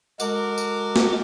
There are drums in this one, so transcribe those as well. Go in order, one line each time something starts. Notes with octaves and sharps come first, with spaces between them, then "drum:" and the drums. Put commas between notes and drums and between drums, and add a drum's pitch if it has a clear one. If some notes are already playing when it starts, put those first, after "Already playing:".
G#3 F#4 A4 A#4 D6, drum: tambourine
drum: tambourine
drum: snare